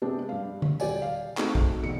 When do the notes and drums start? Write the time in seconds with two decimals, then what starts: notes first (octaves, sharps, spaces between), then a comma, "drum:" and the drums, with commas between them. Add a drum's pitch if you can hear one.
0.02 C3 G#3 B3 D4 G4
0.29 G2 F5
0.62 drum: tom
0.80 D#1 G4 D5 G#5, drum: tambourine
1.02 F5
1.37 A3 C4 D#4 F#4 G#4, drum: clap
1.55 drum: kick
1.83 E1 C#7